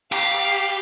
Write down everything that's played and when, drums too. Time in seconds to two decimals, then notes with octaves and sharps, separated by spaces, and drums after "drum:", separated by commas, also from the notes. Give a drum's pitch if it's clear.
0.12 G4 F5, drum: cymbal